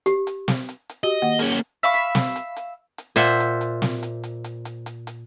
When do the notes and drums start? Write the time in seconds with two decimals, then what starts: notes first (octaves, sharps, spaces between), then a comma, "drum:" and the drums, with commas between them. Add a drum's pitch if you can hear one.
0.06 G4, drum: hi-hat
0.27 drum: hi-hat
0.48 drum: snare
0.69 drum: hi-hat
0.90 drum: hi-hat
1.04 F#4 G4 D#5
1.22 D#3 A#3 F#5
1.39 A#3 C#4 G#4
1.52 drum: hi-hat
1.83 E5 F5 B5 C#6
1.94 drum: hi-hat
2.15 drum: snare
2.36 drum: hi-hat
2.57 drum: hi-hat
2.98 drum: hi-hat
3.16 A#2 C5 E5 F#5
3.40 drum: hi-hat
3.61 drum: hi-hat
3.82 drum: snare
4.03 drum: hi-hat
4.24 drum: hi-hat
4.44 drum: hi-hat
4.65 drum: hi-hat
4.86 drum: hi-hat
5.07 drum: hi-hat